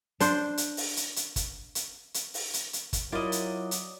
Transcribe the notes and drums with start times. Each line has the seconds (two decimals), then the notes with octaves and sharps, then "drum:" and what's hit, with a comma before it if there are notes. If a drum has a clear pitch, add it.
0.20 D4 C5, drum: hi-hat
0.58 drum: hi-hat
0.77 drum: open hi-hat
0.97 drum: hi-hat
1.16 drum: hi-hat
1.36 drum: kick, hi-hat
1.75 drum: hi-hat
2.14 drum: hi-hat
2.34 drum: open hi-hat
2.54 drum: hi-hat
2.73 drum: hi-hat
2.93 drum: kick, hi-hat
3.12 F#3 E4 F4 A#4 D5 D#5
3.32 drum: hi-hat
3.71 drum: hi-hat